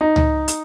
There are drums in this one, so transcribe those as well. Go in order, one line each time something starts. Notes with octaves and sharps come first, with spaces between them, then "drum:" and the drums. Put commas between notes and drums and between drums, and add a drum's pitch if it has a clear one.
D#4
drum: tom C#2
drum: hi-hat